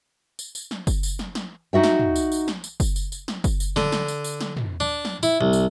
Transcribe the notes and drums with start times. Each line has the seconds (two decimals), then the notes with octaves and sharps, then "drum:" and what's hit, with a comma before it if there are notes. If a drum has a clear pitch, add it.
0.39 drum: tambourine
0.55 drum: tambourine
0.71 drum: snare
0.87 drum: kick F#1, tambourine
1.03 drum: tambourine
1.19 drum: snare
1.35 drum: snare
1.73 D#4 F#4 E5 G5
1.83 drum: snare
2.00 drum: tom
2.16 drum: tambourine
2.32 drum: tambourine
2.48 drum: snare
2.64 drum: tambourine
2.80 drum: kick F#1, tambourine
2.96 drum: tambourine
3.12 drum: tambourine
3.28 drum: snare
3.44 drum: kick F#1, tambourine
3.60 drum: tambourine
3.76 D3, drum: snare
3.92 drum: snare
4.08 drum: tambourine
4.24 drum: tambourine
4.41 drum: snare
4.57 drum: tom
4.80 D4
5.05 drum: snare
5.23 E4, drum: tambourine
5.41 C2
5.53 drum: tambourine